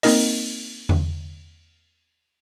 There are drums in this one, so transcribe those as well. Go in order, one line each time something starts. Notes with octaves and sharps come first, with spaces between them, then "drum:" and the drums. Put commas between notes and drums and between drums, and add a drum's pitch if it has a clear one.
A#3 C4 D#4 A#4 D#5, drum: open hi-hat
drum: tom E2